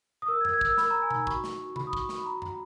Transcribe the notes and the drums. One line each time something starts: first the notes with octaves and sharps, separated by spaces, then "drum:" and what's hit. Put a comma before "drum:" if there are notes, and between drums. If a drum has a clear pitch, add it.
D#6
A#4 E6
G#6
A#4, drum: tom F#2
G#6
A#4 E6, drum: kick
A#4 B5, drum: snare
A#5
A#4
G#5
D#4 B5, drum: tom B2
F#4 C#6, drum: kick
F#4, drum: snare
F#4
F#4 B5, drum: tom C3
D#6
F#4 C#6, drum: kick
F#4 B5, drum: snare
F#4 A#5
F#4 B5, drum: tom F#2